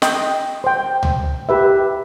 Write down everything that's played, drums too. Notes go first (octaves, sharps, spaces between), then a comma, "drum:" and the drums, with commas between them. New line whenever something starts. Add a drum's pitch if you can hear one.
D#5 G5, drum: snare
C5 G5
drum: tom C#2
G4 B4 E5